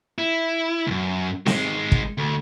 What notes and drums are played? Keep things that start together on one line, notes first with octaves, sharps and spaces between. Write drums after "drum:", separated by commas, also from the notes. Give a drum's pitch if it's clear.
E4
C#2 F#2
D#3 G#3, drum: snare C4
drum: kick
D2